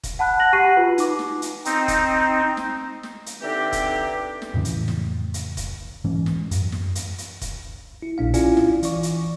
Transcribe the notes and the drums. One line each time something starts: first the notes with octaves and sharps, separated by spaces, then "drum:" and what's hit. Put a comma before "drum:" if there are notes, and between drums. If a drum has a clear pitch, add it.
drum: kick, hi-hat
F#5 A5 B5 F#6
F#5 F#6 A#6 F#7
G4 F#5 G#5 C#6 C7 D#7
F4 F#4 B4
D#4 D6, drum: hi-hat
drum: snare
drum: hi-hat
C4 D#4, drum: hi-hat
drum: kick, hi-hat
drum: snare
drum: snare
drum: hi-hat
D3 E3 C4 D#4 G4
drum: kick, hi-hat
drum: snare
F2 A2 C#3 E3
drum: hi-hat
drum: snare
drum: hi-hat
drum: kick, hi-hat
G#2 E3 C#4
drum: snare
F#2, drum: hi-hat
drum: snare
drum: hi-hat
drum: hi-hat
drum: kick, hi-hat
E4
A#1 A#2 D4 F5
C#4 E4 F4 D5 F5 G#5, drum: hi-hat
drum: snare
E3 D5 C#6, drum: hi-hat
drum: hi-hat